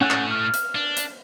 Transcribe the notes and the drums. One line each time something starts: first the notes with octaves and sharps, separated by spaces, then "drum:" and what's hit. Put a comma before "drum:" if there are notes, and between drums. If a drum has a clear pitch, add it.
A2 A3 C#4 F#5 F#6
drum: clap
F6
drum: hi-hat
D4
drum: hi-hat